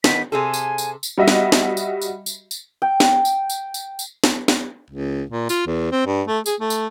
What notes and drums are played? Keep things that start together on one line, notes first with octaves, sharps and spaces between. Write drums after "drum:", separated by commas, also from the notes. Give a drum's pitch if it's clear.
D#3 B3 B6, drum: snare
C3 G#4 A4 G#5
drum: tambourine
drum: tambourine
drum: tambourine
G3 F#4 D#5 E5
drum: snare
drum: snare
drum: tambourine
drum: tambourine
drum: tambourine
drum: tambourine
G5
drum: snare
drum: tambourine
drum: tambourine
drum: tambourine
drum: tambourine
drum: snare
drum: snare
C#2
A#2
F4, drum: tambourine
E2
C4
G2
A3
G#4, drum: tambourine
A3
drum: tambourine